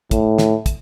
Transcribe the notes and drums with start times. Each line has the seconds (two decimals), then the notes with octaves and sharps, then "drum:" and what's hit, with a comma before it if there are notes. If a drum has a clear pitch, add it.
0.11 A2, drum: kick, hi-hat
0.38 drum: snare
0.66 drum: kick, hi-hat